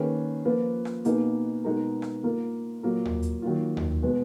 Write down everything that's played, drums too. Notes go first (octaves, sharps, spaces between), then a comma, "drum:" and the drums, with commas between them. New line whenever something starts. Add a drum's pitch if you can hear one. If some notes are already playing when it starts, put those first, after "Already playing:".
Already playing: D#3 A#3 C#4 G#4 B4
F3 A#3 F4 B4
drum: rim click
B2 A#3 D#4 G#4 B4, drum: hi-hat
B2 G#3 D#4 A#4
drum: rim click
A#3 F4 A#4
A#2 F#3 A#3 F4 A#4
drum: tom D#2
drum: hi-hat
D#3 F#3 A#3 F4
drum: tom D#2
B2 G#3 B3